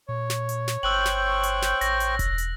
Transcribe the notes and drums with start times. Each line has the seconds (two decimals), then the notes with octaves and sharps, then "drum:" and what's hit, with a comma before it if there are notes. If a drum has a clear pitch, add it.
0.09 A#2 C#5
0.30 drum: snare
0.49 drum: hi-hat
0.68 drum: snare
0.83 G1 C5 G5 C#6 E6 F#6 F#7
1.05 drum: snare
1.43 drum: hi-hat
1.62 drum: snare
1.81 A1 A#6, drum: hi-hat
2.00 drum: hi-hat
2.19 drum: kick E1, hi-hat
2.38 drum: hi-hat